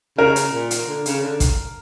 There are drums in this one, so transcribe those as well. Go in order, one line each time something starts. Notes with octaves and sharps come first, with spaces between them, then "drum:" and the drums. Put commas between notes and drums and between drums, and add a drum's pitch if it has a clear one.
C#3 A#4
drum: hi-hat
A#2
drum: hi-hat
D3
C#3, drum: hi-hat
D3
drum: kick, hi-hat